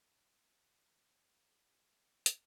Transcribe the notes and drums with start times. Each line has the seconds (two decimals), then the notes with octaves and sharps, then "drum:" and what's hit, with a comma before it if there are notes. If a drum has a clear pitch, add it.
0.12 A#4
0.20 B3 B4
0.43 A#4
0.51 F4
0.65 B4
0.79 B3
0.87 A#4
1.08 B3 A#4
1.31 B4
1.38 G#4
1.67 F4
1.75 G#5
1.96 F4
2.26 A#3, drum: hi-hat